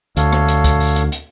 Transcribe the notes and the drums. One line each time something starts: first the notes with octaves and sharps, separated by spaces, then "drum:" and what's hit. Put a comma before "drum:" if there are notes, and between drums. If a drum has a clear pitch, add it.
D2 A4 C#5 F5, drum: hi-hat
drum: rim click
drum: hi-hat
drum: kick, hi-hat
drum: open hi-hat
drum: hi-hat
drum: hi-hat